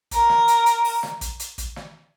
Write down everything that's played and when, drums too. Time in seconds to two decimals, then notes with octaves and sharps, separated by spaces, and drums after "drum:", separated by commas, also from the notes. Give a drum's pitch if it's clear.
0.11 A#4, drum: kick, hi-hat
0.29 drum: snare
0.48 drum: hi-hat
0.66 drum: hi-hat
0.84 drum: open hi-hat
1.03 drum: snare
1.21 drum: kick, hi-hat
1.40 drum: hi-hat
1.58 drum: kick, hi-hat
1.76 drum: snare